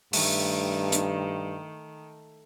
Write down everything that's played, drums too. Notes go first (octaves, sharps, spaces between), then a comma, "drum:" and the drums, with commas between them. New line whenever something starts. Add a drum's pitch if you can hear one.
G2 D#3 A3, drum: open hi-hat
drum: hi-hat